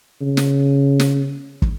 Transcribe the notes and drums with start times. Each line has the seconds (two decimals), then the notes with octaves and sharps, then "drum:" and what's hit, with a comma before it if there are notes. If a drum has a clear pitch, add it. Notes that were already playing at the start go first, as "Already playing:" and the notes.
0.21 C#3
0.37 drum: snare
1.00 drum: snare
1.62 drum: kick